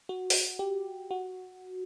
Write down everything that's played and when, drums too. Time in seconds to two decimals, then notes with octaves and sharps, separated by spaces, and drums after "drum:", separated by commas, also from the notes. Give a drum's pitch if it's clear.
0.09 F#4
0.30 drum: open hi-hat
0.59 G4
1.11 F#4